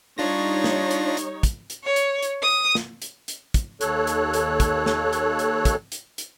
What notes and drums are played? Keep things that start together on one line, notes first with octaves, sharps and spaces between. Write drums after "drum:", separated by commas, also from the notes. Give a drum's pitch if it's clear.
G3 D4 D#4 F4 C#5 A#6
drum: snare
drum: hi-hat
drum: hi-hat
drum: kick, hi-hat
drum: hi-hat
C#5
drum: hi-hat
drum: hi-hat
D#6
drum: snare
drum: hi-hat
drum: hi-hat
drum: kick, hi-hat
D#2 A4 C#5 F#6, drum: hi-hat
drum: hi-hat
drum: hi-hat
drum: kick, hi-hat
drum: snare
drum: hi-hat
drum: hi-hat
drum: kick, hi-hat
drum: hi-hat
drum: hi-hat